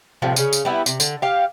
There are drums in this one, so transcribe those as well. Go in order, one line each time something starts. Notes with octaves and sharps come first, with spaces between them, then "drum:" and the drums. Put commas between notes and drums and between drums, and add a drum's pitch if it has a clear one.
A2 C3 F3 G3
C#3 C#4, drum: tambourine
drum: tambourine
G3 B3 E4
C3, drum: tambourine
D3, drum: tambourine
G4 F5